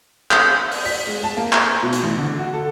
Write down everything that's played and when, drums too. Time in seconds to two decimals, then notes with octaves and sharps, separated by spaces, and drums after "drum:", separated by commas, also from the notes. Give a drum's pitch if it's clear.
0.31 drum: clap
0.71 drum: open hi-hat
0.86 B6
1.07 G#3
1.23 A5
1.37 A#3
1.53 A#5, drum: clap
1.83 B2
1.93 drum: hi-hat
2.03 A1
2.18 D3
2.38 F#4
2.53 A4